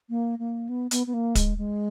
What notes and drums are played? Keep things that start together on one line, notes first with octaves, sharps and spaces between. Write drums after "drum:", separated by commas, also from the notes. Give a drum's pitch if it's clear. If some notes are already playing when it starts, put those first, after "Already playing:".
A#3
A#3
B3
B3, drum: hi-hat
B3
A#3
G#3, drum: kick, hi-hat
G#3